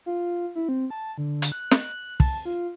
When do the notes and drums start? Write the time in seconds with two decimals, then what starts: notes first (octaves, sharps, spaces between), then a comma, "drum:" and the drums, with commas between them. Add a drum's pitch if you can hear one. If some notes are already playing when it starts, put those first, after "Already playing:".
0.06 F4
0.55 E4
0.69 C4
0.90 A5
1.18 D3
1.42 drum: hi-hat
1.52 F#6
1.71 drum: snare
2.20 A5, drum: kick
2.45 F4